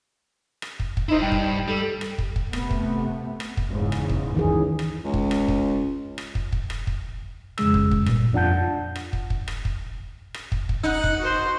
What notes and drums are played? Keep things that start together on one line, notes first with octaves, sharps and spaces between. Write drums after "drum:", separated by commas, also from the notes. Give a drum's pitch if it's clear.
drum: rim click
drum: kick
drum: kick
D#4 E4 C5
G2 G5
drum: kick
G3 A4
drum: rim click
drum: kick
drum: kick
C3 A3 B3, drum: rim click
drum: kick
drum: rim click
drum: kick
E2 G#2 C#3
drum: rim click
drum: kick
F#1 C#2 D#3 E3 G#4
drum: rim click
C#2
drum: kick
drum: rim click
drum: kick
drum: rim click
drum: kick
drum: kick
drum: rim click
drum: kick
F2 C#3 G#3 E6, drum: rim click
drum: kick
drum: kick
G2 A#2, drum: rim click
F2 D4 F4 F#5 A5 G6
drum: rim click
drum: kick
drum: kick
drum: rim click
drum: kick
drum: rim click
drum: kick
drum: kick
D#4 F#5
drum: kick
F#4 C5